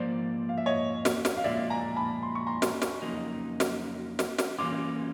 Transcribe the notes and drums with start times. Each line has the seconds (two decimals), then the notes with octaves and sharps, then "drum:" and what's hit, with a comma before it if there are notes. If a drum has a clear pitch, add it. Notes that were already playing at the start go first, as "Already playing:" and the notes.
Already playing: G#2 F3 A#3 C5 D5
0.49 F5
0.58 E5
0.66 C#5 D#5
1.05 drum: snare
1.25 drum: snare
1.37 F5
1.44 A#2 F3 G#3 D5 E5
1.70 G#5 A#5
1.96 A5 B5
2.23 C6
2.35 C#6
2.47 A#5 C6
2.62 drum: snare
2.82 drum: snare
3.02 F2 C#3 F#3 A#3 D#4
3.60 drum: snare
4.19 drum: snare
4.39 drum: snare
4.59 E3 G3 A#3 C#4 F4 C6 D6